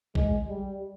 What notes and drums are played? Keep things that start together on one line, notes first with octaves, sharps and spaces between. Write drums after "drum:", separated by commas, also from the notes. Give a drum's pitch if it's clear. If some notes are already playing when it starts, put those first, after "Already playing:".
G#3, drum: kick A#1
G3